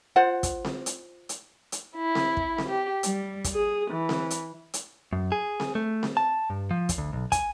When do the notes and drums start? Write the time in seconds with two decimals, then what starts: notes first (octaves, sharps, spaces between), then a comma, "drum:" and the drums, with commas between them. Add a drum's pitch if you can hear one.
0.16 F4 C5 F#5
0.43 drum: kick, hi-hat
0.65 drum: snare C4
0.86 drum: hi-hat
1.29 drum: hi-hat
1.72 drum: hi-hat
1.95 E4
2.15 drum: snare C4
2.37 drum: kick
2.58 drum: snare C4
2.68 G4
3.03 G3, drum: hi-hat
3.44 drum: kick, hi-hat
3.54 G#4
3.91 E3
4.09 drum: snare C4
4.30 drum: hi-hat
4.74 drum: hi-hat
5.13 F#2
5.32 G#4
5.60 drum: snare C4
5.75 A3
6.03 drum: snare C4
6.17 A5
6.50 G2
6.71 F3
6.89 drum: kick, hi-hat
6.98 D2
7.13 B1
7.32 G#5, drum: kick, hi-hat